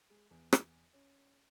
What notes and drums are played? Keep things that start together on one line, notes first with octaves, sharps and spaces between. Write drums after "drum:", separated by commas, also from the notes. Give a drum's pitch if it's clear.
G#3
E2
drum: rim click
C#4